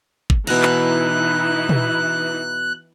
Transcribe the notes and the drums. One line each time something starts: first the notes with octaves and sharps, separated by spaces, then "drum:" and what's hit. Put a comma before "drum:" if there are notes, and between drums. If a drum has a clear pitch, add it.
drum: kick
B2 E3 D#4 E4 G#5 A#5 F#6, drum: cymbal
drum: clap
drum: tom